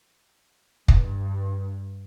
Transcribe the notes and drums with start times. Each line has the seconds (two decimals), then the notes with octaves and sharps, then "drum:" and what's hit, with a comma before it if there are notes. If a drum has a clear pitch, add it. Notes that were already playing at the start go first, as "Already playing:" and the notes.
0.88 G2, drum: kick